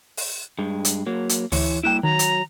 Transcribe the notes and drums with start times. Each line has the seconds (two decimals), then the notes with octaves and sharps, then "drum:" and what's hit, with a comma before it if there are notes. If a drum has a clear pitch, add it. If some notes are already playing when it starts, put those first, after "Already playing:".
0.17 drum: open hi-hat
0.59 G2 G#3
0.85 drum: hi-hat
1.06 F#3 A#3
1.29 drum: hi-hat
1.52 D2 E3 E4 C#5, drum: open hi-hat
1.83 G3 A#3 E4 G5 F#6 D7 E7
2.03 D#3 F#3 A#5
2.19 drum: hi-hat